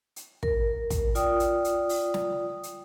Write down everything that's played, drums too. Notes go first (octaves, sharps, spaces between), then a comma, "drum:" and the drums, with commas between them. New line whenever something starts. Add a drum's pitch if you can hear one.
drum: hi-hat
A#4, drum: kick
drum: kick, hi-hat
F4 D5 G5 D#6, drum: hi-hat
drum: hi-hat
drum: hi-hat
drum: open hi-hat
drum: snare
drum: hi-hat